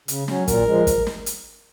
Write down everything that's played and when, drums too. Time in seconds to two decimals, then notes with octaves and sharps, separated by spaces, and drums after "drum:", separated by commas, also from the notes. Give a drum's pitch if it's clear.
0.08 C#3, drum: hi-hat
0.28 F#3 C#4, drum: snare
0.48 A#2 A#4, drum: kick, hi-hat
0.67 F3 G#3
0.87 drum: kick, hi-hat
1.07 drum: snare
1.26 drum: hi-hat